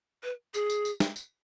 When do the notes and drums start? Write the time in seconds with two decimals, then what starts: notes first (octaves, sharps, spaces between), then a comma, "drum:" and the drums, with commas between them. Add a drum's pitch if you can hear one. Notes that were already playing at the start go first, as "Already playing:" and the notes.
0.23 B4
0.54 G#4, drum: tambourine
0.70 drum: tambourine
0.85 drum: tambourine
1.00 drum: snare
1.16 drum: tambourine